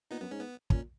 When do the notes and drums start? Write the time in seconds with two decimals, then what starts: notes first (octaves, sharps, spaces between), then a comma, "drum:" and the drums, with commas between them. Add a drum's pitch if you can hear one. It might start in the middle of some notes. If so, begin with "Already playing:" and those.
0.11 A#2 B3 D#4
0.21 F#2 B3
0.31 G#2 C#4
0.40 B3
0.70 A#2 C#4, drum: kick